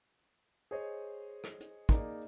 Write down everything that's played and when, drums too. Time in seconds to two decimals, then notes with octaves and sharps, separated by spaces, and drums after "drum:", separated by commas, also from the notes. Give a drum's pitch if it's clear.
0.71 G#4 C5 C#5 D#5
1.44 drum: rim click
1.60 drum: hi-hat
1.89 A#3 D#4 G#4 A#4 D5, drum: kick